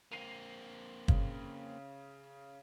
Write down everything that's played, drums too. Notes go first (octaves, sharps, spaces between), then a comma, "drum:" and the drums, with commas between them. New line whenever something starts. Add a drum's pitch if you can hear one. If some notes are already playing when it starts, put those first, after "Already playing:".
A#3 C4 C7 D#7 F7
C#3, drum: kick